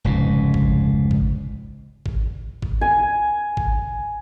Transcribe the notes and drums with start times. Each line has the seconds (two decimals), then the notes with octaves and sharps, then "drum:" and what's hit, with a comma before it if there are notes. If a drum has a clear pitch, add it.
0.04 F1 C#2 G#2
0.54 drum: kick G#1
1.11 drum: kick G#1
2.06 drum: kick G#1
2.62 drum: kick G#1
2.81 G#5
3.57 drum: kick G#1